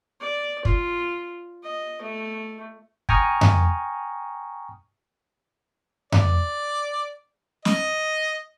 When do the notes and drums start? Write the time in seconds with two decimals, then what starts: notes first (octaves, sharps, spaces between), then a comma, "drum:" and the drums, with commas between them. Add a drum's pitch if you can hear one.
0.20 D5
0.65 F4, drum: kick
1.63 D#5
2.02 A3
3.09 G5 G#5 A#5 C#6 D#6 F6, drum: kick
3.41 drum: tom F2
6.12 D5, drum: tom F2
7.65 D#5, drum: snare